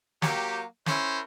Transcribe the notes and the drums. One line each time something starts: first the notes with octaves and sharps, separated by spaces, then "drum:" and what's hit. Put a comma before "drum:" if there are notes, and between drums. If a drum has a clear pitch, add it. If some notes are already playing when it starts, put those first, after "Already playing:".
F#3 A#3 G4, drum: snare
C#4 E4 A#4 C5, drum: snare